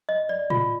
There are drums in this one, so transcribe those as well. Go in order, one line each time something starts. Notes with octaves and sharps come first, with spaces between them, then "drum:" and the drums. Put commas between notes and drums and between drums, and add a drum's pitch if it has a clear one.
D#5
D5
F4, drum: tom A2